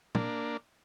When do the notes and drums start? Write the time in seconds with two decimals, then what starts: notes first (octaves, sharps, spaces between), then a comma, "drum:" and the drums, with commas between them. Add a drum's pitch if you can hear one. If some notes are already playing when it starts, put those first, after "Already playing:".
0.15 A#3 D4, drum: tom